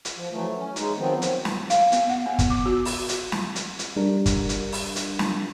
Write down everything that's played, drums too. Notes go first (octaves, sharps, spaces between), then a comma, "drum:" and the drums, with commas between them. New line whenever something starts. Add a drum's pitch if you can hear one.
drum: hi-hat
F3
E3 F#3 A3
C#4
G#3 D#4, drum: hi-hat
D#3 F3 F#3 B3 C4
drum: hi-hat
drum: snare
F5, drum: hi-hat
B3, drum: hi-hat
F#5
B3
drum: kick, hi-hat
D6
F#4
drum: open hi-hat
drum: hi-hat
drum: snare
drum: hi-hat
drum: hi-hat
G3 D4 A#4
drum: kick, hi-hat
drum: hi-hat
drum: open hi-hat
drum: hi-hat
drum: snare